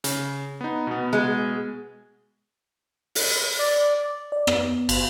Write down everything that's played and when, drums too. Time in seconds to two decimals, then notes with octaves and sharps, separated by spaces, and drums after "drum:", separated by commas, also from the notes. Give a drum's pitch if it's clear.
0.04 C#3, drum: hi-hat
0.61 B3 D#4
0.87 B2 B3
1.13 G#3
3.15 drum: open hi-hat
3.59 D5
4.32 D5
4.47 B3, drum: rim click
4.89 G1, drum: cymbal